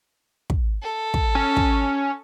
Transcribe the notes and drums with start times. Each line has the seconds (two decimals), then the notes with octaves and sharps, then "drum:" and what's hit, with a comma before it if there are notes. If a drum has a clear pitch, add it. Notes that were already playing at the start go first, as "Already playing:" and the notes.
0.50 drum: kick
0.83 A4
1.14 drum: kick
1.35 C#4
1.57 drum: kick